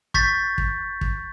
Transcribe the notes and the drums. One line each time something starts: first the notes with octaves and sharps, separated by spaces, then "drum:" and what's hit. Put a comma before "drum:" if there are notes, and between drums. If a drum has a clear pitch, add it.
C#6 G6 A6 B6, drum: kick
drum: kick
drum: kick